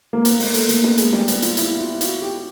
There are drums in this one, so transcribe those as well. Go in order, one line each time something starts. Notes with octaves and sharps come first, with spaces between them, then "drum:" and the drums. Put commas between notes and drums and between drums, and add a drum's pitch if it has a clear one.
A#3
B3, drum: hi-hat
A#3, drum: open hi-hat
A3, drum: hi-hat
A#3, drum: hi-hat
B3, drum: snare
G#3, drum: hi-hat
G3, drum: snare
B3, drum: hi-hat
F4, drum: hi-hat
E4, drum: hi-hat
F4
F#4, drum: hi-hat
G4